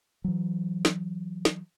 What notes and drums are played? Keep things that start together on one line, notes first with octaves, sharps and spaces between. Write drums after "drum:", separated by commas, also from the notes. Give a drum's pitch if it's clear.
E3 F#3
drum: snare
drum: snare